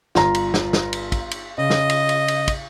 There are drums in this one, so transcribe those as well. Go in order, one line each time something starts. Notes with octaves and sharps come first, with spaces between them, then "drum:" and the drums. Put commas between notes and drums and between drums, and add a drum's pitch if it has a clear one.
G1 F4 A#5, drum: snare
drum: cymbal
drum: snare
drum: snare
drum: cymbal
drum: kick, cymbal
drum: cymbal
C#3 D#5
drum: snare
drum: cymbal
drum: cymbal
drum: cymbal
drum: kick, cymbal